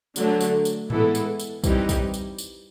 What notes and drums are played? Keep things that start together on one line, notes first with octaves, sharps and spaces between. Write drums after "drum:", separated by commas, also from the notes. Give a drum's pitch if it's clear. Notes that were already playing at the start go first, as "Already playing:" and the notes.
D3 F#3 A3 D4, drum: tambourine
drum: tambourine
drum: tambourine
E3 G#3 B3 E4 A4, drum: tom G#2
drum: tambourine
drum: tambourine
E3 G3 C4 D#4 G4, drum: kick, tambourine
drum: kick, tambourine
drum: tambourine
drum: tambourine